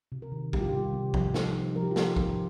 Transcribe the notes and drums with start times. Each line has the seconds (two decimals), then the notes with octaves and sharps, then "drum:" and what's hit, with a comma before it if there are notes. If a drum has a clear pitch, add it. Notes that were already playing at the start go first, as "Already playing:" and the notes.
0.12 C3
0.22 A#4
0.32 D#3
0.53 G3 G4, drum: kick A#1
0.61 F4
0.69 C3 G4
0.94 C3
1.14 F3, drum: kick A#1
1.34 D#4, drum: snare
1.55 D#4
1.75 F3 A#4
1.83 G4
1.91 F4
1.96 F3 G4, drum: snare
2.16 D#4, drum: kick A#1